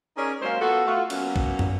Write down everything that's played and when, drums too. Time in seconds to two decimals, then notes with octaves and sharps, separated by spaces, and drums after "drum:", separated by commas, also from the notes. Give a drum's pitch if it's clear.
0.17 C#4 D#4 G#4 A#4 C#5 D5
0.42 F#3 G#3 A#3 C#4 C5
0.60 B3 F4 F#4 A4
0.85 A3 F4 F#4
1.10 F#3 A#3 B3 C#4, drum: cymbal
1.36 drum: kick B1
1.59 drum: tom